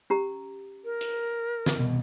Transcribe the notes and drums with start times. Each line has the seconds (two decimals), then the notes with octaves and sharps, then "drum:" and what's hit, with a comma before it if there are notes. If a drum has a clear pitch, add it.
0.10 C#4 G4 A#5
0.85 A#4
1.01 drum: hi-hat
1.66 drum: snare
1.78 C2 B2